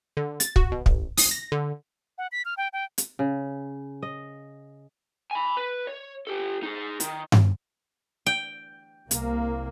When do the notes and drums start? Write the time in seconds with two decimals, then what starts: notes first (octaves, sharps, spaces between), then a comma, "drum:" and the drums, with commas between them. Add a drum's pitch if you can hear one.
0.17 D3
0.40 A6, drum: hi-hat
0.56 F#4, drum: kick
0.72 B2
0.86 A1, drum: kick
1.17 D#6, drum: open hi-hat
1.31 A#6
1.52 D3
2.18 F#5
2.32 B6
2.45 F6
2.57 G5
2.73 G5
2.98 drum: hi-hat
3.19 C#3
4.03 D#5
5.31 G#5 B5
5.57 B4
5.87 C#5
6.27 G4 A4
6.63 D#4 G#4
7.00 D#3, drum: hi-hat
7.32 drum: tom G2
8.26 G5
9.11 C2 C3 A#3, drum: hi-hat